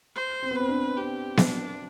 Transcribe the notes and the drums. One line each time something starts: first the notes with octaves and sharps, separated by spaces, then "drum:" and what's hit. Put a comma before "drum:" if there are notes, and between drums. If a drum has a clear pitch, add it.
C5
C4
B3
C4 B4
D4
C4 G4
D4, drum: snare B3